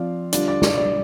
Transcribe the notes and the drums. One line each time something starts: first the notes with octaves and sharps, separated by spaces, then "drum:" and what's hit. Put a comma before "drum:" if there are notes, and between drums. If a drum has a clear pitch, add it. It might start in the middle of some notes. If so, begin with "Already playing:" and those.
Already playing: F3 C4 F4 D5 F5
D3 G3 D4 F4 D5, drum: hi-hat
D5
D5, drum: snare
D5